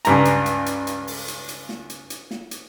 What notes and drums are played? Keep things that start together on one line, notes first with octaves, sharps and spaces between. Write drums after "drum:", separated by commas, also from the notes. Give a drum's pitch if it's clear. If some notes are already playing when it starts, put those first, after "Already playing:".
C#2 G2 A#5, drum: hi-hat
drum: hi-hat
drum: hi-hat
drum: hi-hat
drum: hi-hat
drum: open hi-hat
drum: hi-hat
drum: hi-hat
drum: snare
drum: hi-hat
drum: hi-hat
drum: snare
drum: hi-hat